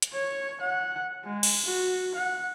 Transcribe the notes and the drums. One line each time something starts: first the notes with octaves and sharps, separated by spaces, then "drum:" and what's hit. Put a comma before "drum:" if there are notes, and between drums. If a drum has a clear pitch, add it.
drum: hi-hat
C#5
F#5
G#3
drum: cymbal
F#4
F#5